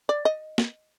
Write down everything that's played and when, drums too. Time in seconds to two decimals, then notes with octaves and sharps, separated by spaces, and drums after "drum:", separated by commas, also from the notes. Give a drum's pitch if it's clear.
0.09 D5
0.25 D#5
0.58 drum: snare